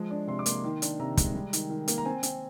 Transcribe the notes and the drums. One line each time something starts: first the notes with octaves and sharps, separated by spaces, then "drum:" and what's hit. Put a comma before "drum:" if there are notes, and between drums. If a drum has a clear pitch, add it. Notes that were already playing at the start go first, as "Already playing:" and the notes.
Already playing: F3 G#3
D4
C3 C6
D6
A#3 C6, drum: hi-hat
D#3
D4, drum: hi-hat
C3 A#5
G#3, drum: kick, hi-hat
G3
D#3, drum: hi-hat
D#3
A#3, drum: hi-hat
A#5
C4 G#5
C4, drum: hi-hat